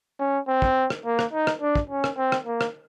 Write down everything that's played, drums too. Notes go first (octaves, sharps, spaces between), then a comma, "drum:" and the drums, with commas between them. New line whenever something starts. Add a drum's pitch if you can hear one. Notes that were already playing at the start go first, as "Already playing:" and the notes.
C#4
C4
drum: kick
drum: rim click
A#3
drum: rim click
D#4
drum: rim click
D4
drum: kick
C#4
drum: rim click
C4
drum: rim click
A#3
drum: rim click